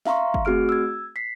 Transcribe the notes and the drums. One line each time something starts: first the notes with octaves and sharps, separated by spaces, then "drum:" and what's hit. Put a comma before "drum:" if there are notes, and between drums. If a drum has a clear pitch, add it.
E5 F5 A#5 C6 C#6, drum: snare
drum: kick
A3 C4 F#4 G#4 F6 D7
E6 G#6
B6 C7